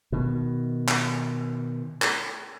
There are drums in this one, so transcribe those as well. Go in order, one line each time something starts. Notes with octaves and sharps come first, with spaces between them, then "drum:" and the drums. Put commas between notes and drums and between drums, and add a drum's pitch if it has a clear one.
B2 D#3
drum: clap
drum: clap